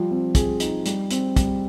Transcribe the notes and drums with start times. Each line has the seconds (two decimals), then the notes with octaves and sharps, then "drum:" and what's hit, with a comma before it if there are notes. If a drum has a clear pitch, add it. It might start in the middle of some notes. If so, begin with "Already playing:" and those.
Already playing: F3 G3
0.11 C4
0.35 G#4, drum: kick, hi-hat
0.60 D#4, drum: hi-hat
0.86 G3, drum: hi-hat
1.11 C4, drum: hi-hat
1.36 G3, drum: kick, hi-hat